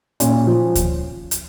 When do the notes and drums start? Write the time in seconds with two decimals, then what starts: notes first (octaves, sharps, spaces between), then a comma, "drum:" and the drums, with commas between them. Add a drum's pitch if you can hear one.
0.20 A#2 C#4, drum: hi-hat
0.47 F3
0.75 drum: kick D2, hi-hat
1.31 drum: hi-hat